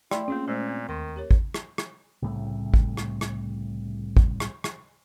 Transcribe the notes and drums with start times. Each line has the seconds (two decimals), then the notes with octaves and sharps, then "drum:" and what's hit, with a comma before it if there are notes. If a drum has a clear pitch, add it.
0.11 A3 E4 D5 G5 C6, drum: rim click
0.28 A#3 C4 C#4 F4 G#4
0.48 A#2 G#3 A3 C5
0.67 C4
0.89 D#2 D#3 C6
1.16 G4 A#4 C#5
1.31 drum: kick G#1
1.54 drum: rim click
1.78 drum: rim click
2.22 C2 A2 C#3 A3
2.74 drum: kick G#1
2.97 drum: rim click
3.21 drum: rim click
4.17 drum: kick G#1
4.40 drum: rim click
4.64 drum: rim click